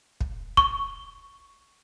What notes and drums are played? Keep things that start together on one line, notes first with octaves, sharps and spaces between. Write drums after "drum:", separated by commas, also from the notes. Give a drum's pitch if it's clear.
drum: kick
C#6, drum: kick